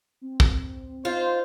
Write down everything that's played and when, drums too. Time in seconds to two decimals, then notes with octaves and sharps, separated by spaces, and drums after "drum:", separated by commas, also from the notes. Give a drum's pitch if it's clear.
0.21 C4
0.40 drum: kick
1.05 D#4 F4 C5